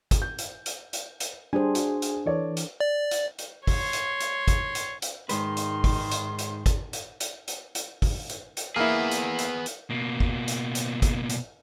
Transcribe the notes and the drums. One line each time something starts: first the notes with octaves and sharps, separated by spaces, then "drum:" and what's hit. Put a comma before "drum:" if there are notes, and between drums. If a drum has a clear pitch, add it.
drum: kick G1, hi-hat
G6
drum: hi-hat
drum: hi-hat
drum: hi-hat
drum: hi-hat
G3 D4 G#4 C5 G#5
F#4, drum: hi-hat
drum: hi-hat
E3 A4 C#5 D5
drum: hi-hat
D5
drum: hi-hat
drum: hi-hat
C#5 C6, drum: kick G1, open hi-hat
drum: hi-hat
drum: hi-hat
drum: kick G1, hi-hat
drum: hi-hat
drum: hi-hat
G#2 D#3 G#3 B4 C6, drum: hi-hat
drum: hi-hat
drum: kick G1, open hi-hat
drum: hi-hat
drum: hi-hat
drum: kick G1, hi-hat
drum: hi-hat
drum: hi-hat
drum: hi-hat
drum: hi-hat
drum: kick G1, open hi-hat
drum: hi-hat
drum: hi-hat
A#3 B3 E4 G#4
drum: hi-hat
drum: hi-hat
drum: hi-hat
B2 A#3
drum: kick G1
drum: hi-hat
drum: hi-hat
drum: kick G1, hi-hat
drum: hi-hat